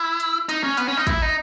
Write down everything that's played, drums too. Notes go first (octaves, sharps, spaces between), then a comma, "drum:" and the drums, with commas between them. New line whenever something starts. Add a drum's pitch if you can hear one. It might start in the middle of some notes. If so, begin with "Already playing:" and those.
Already playing: E4
drum: hi-hat
D#4, drum: hi-hat
C#4
B3, drum: hi-hat
C#4
D#4
E4, drum: kick, hi-hat
D#4